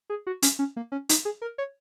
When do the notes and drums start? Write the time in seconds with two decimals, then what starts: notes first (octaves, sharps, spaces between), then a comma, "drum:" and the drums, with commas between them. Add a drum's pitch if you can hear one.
0.10 G#4
0.27 F#4
0.42 C#4, drum: hi-hat
0.59 C#4
0.76 A#3
0.92 C#4
1.09 D#4, drum: hi-hat
1.25 G#4
1.42 A#4
1.58 C#5